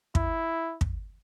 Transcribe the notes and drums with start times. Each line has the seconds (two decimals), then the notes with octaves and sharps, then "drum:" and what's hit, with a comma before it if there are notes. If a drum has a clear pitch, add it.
0.15 E4, drum: kick
0.81 drum: kick